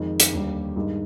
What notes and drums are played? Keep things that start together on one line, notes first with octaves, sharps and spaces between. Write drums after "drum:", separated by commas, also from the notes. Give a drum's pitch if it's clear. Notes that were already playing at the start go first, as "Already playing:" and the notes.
Already playing: F2 D#3 G#3
drum: hi-hat
D#2 D3 G3
G2 D#3 G#3